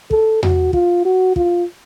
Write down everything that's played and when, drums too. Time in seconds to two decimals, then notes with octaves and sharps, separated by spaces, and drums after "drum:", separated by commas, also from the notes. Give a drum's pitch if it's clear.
0.11 A4, drum: kick
0.43 F#4, drum: tom E2
0.73 F4, drum: kick
1.05 F#4
1.36 F4, drum: kick